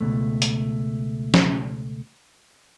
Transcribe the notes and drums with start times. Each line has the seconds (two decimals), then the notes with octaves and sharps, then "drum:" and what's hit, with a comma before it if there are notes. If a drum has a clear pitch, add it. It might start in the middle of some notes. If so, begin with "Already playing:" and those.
0.01 C#2 G2 B2 A3
0.42 drum: hi-hat
1.34 drum: snare